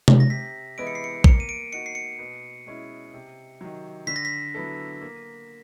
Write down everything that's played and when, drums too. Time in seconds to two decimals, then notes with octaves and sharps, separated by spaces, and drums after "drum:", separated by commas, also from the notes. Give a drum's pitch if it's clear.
0.08 drum: tom C3
0.20 A#6
0.30 C3 B6
0.78 E3 G#3 B3 E4 D7
0.87 C#7
0.95 C7
1.04 C#7
1.24 A#3 C#7, drum: kick A#1
1.40 D#7
1.49 D7
1.73 D#4 F#4 C#7
1.86 C7
1.95 C#7
2.19 B2
2.66 G#3 C#4 E4
3.14 C3
3.61 D#3 F#3
4.07 D3 B6
4.16 A#6
4.25 B6
4.54 F#3 B3 E4 A4
5.01 A#3